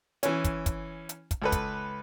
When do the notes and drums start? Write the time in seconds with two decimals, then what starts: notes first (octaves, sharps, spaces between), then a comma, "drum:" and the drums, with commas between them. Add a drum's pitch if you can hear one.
0.23 E3 C#4, drum: hi-hat
0.44 drum: kick, hi-hat
0.66 drum: kick, hi-hat
1.09 drum: hi-hat
1.31 drum: kick, hi-hat
1.42 C#2 A4 B4
1.52 drum: kick, hi-hat